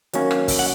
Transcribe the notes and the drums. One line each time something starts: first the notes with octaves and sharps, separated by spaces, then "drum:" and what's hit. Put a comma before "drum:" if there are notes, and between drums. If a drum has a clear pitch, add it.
D#3 F#3 A#3 C#4, drum: hi-hat
drum: rim click
drum: kick, open hi-hat
F#5